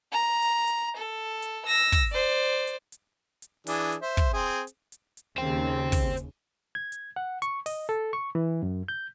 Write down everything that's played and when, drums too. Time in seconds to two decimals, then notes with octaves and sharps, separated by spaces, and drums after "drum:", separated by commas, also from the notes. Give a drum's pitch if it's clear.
0.12 A#5
0.42 drum: hi-hat
0.67 drum: hi-hat
0.97 A4
1.42 drum: hi-hat
1.66 E6 A#6
1.92 drum: kick, open hi-hat
2.12 C5 D5
2.67 drum: hi-hat
2.92 drum: hi-hat
3.42 drum: hi-hat
3.67 E3 D4 G#4, drum: open hi-hat
3.92 drum: hi-hat
4.02 C5 E5
4.17 drum: kick, hi-hat
4.33 C4 G#4
4.67 drum: hi-hat
4.92 drum: hi-hat
5.17 drum: hi-hat
5.38 D#2 C#3 C5 G5
5.92 drum: kick, open hi-hat
6.17 drum: hi-hat
6.75 G#6
6.92 drum: hi-hat
7.16 F#5
7.42 C#6, drum: hi-hat
7.66 D#5, drum: open hi-hat
7.89 A4
8.13 C#6
8.35 E3
8.63 F#2
8.88 G6